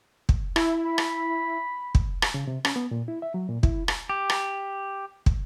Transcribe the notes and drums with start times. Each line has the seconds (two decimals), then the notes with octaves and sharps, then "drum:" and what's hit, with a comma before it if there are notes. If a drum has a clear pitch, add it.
0.29 drum: kick
0.56 E4, drum: rim click
0.84 B5
0.98 drum: rim click
1.95 drum: kick
2.22 drum: rim click
2.34 C#3
2.47 C3
2.65 C#4, drum: rim click
2.76 B3
2.91 A#2
3.08 E4
3.22 E5
3.34 F#3
3.49 A#2
3.63 E4, drum: kick
3.88 drum: rim click
4.10 G4
4.30 drum: rim click
5.26 drum: kick